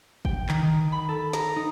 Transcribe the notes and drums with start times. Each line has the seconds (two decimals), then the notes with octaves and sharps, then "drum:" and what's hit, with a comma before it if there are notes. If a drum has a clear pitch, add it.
0.25 G5, drum: kick
0.49 D#3, drum: clap
0.62 D#3
0.92 B5
1.09 A4
1.33 A#5, drum: snare
1.56 D#4